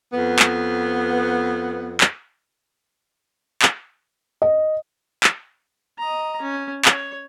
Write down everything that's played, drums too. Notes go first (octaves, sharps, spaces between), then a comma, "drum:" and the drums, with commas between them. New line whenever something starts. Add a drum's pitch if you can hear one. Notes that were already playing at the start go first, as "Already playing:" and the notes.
F2 B3
drum: clap
drum: clap
drum: clap
D#5
drum: clap
D#5 A#5
C#4
C#5, drum: clap